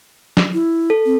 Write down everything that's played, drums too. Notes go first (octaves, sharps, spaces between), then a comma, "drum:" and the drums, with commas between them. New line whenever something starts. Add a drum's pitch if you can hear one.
drum: snare
E4
A4
C4